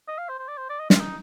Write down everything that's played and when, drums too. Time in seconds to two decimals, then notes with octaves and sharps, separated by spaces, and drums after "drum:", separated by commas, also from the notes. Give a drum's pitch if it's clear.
0.08 D#5
0.18 F5
0.29 C5
0.39 C5
0.48 D5
0.58 C5
0.70 D5
0.80 D#5
0.90 F4, drum: snare
1.00 D#4